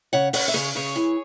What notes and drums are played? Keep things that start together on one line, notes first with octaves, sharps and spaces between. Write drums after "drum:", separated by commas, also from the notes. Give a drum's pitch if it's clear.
C#3 C#5 F#5
C#3 C#5 F#5, drum: open hi-hat
E5
C#3 G#4 C#5
C#3 G#4 C#5
E3